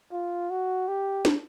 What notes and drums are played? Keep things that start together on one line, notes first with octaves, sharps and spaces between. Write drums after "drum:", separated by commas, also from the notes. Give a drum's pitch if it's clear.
F4
F#4
G4
drum: snare